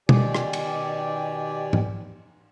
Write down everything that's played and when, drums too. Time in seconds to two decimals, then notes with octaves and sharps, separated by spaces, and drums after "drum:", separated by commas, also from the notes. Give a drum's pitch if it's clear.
0.09 B2 D#3 G4 D5 G#5, drum: tom
0.35 drum: rim click
0.53 drum: cymbal
1.73 drum: tom G#2